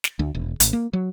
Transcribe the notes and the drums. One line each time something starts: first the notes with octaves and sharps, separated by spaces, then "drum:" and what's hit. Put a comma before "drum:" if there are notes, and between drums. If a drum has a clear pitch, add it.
drum: snare
D2
E1
G#1, drum: hi-hat
A#3
F#3